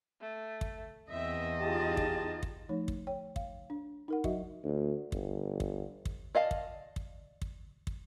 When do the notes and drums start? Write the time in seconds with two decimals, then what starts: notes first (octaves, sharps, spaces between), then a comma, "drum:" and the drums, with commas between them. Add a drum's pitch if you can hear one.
0.20 A3
0.61 drum: kick
1.11 E2 C4 D#5 E5
1.60 D#4 F4 G4 G#4 A5
1.97 drum: kick
2.43 drum: kick
2.69 F3 A3 D#4 C#5
2.88 drum: kick
3.07 C#5 G5
3.36 F5, drum: kick
3.70 D4
4.08 D#4 A#4 F#5
4.24 F#3 F#4 D#5 E5, drum: kick
4.64 D2
5.12 G1, drum: kick
5.60 drum: kick
6.05 drum: kick
6.35 D5 D#5 F5 A5
6.51 drum: kick
6.96 drum: kick
7.42 drum: kick
7.87 drum: kick